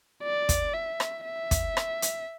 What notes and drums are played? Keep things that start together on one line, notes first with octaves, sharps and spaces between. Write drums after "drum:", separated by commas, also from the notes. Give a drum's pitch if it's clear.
D5
drum: kick, hi-hat
E5
drum: rim click
E5
drum: kick, hi-hat
drum: rim click
drum: hi-hat